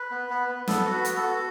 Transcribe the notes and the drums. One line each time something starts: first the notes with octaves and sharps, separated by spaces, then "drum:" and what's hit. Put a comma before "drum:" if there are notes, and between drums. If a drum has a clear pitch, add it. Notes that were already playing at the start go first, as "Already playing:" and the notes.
Already playing: B4
B3
B3
B3
B3 A4, drum: snare
F#4
B4
B3, drum: hi-hat
A4
F#4